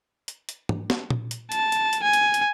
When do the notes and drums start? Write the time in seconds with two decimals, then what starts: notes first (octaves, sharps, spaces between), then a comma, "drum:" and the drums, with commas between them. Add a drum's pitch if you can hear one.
0.28 drum: hi-hat
0.49 drum: hi-hat
0.69 drum: tom
0.90 drum: snare
1.10 drum: tom A#2
1.31 drum: hi-hat
1.52 A5, drum: hi-hat
1.72 drum: hi-hat
1.93 drum: hi-hat
2.03 G#5
2.13 drum: hi-hat
2.34 drum: hi-hat